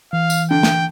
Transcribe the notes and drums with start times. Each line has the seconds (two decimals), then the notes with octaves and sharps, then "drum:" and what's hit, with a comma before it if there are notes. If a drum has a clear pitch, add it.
0.13 E3 F5
0.30 drum: tambourine
0.51 D3 G5
0.63 drum: snare